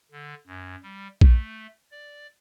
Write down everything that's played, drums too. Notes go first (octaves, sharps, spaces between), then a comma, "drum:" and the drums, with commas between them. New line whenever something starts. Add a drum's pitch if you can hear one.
D3
F#2
G3
A3, drum: kick A#1
D5